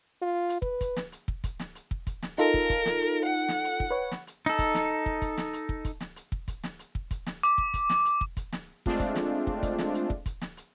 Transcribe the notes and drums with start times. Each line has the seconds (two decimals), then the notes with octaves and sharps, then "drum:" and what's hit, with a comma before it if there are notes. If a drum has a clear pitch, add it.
0.22 F4
0.49 drum: hi-hat
0.62 B4, drum: kick
0.81 drum: kick, hi-hat
0.96 drum: snare
1.12 drum: hi-hat
1.28 drum: kick
1.44 drum: kick, hi-hat
1.59 drum: snare
1.75 drum: hi-hat
1.91 drum: kick
2.07 drum: kick, hi-hat
2.22 drum: snare
2.38 D#4 F4 A4 A#4, drum: hi-hat
2.54 drum: kick
2.70 drum: kick, hi-hat
2.85 drum: snare
3.01 drum: hi-hat
3.26 F#5
3.48 drum: snare
3.64 drum: hi-hat
3.80 drum: kick
3.91 B4 C#5
4.11 drum: snare
4.27 drum: hi-hat
4.46 D#4 A4
4.59 drum: kick, hi-hat
4.74 drum: snare
5.06 drum: kick
5.22 drum: kick, hi-hat
5.37 drum: snare
5.53 drum: hi-hat
5.69 drum: kick
5.85 drum: kick, hi-hat
6.00 drum: snare
6.16 drum: hi-hat
6.32 drum: kick
6.48 drum: kick, hi-hat
6.63 drum: snare
6.79 drum: hi-hat
6.95 drum: kick
7.11 drum: kick, hi-hat
7.26 drum: snare
7.43 D6, drum: hi-hat
7.58 drum: kick
7.74 drum: kick, hi-hat
7.89 drum: snare
8.05 drum: hi-hat
8.21 drum: kick
8.37 drum: kick, hi-hat
8.52 drum: snare
8.86 G#3 A3 C4 D4 F4, drum: kick
9.00 drum: kick, hi-hat
9.15 drum: snare
9.47 drum: kick
9.63 drum: kick, hi-hat
9.78 drum: snare
9.94 drum: hi-hat
10.10 drum: kick
10.26 drum: kick, hi-hat
10.41 drum: snare
10.57 drum: hi-hat